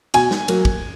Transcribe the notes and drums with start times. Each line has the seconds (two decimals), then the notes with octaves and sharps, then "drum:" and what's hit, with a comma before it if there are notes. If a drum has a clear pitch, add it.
0.14 B2 G#5, drum: cymbal
0.31 drum: snare
0.48 F#3 A#3, drum: cymbal
0.65 drum: kick